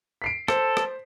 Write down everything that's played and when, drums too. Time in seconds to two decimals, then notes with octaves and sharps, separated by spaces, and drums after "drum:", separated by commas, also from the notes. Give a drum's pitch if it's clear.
0.22 B6 C7 D7
0.48 A4 C5, drum: rim click
0.77 drum: rim click